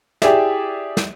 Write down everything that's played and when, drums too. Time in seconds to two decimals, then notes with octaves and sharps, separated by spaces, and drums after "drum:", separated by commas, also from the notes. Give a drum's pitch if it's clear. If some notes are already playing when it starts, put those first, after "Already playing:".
0.22 E4 G4 G#4 D5 E5, drum: snare
0.97 drum: snare